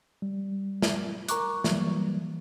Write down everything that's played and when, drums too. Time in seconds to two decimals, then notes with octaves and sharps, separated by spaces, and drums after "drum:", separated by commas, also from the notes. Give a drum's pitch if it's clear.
0.22 G3
0.82 drum: snare
1.28 A#4 A#5 C#6 D6 F#6, drum: hi-hat
1.64 E3 F#3 G3 A#3, drum: snare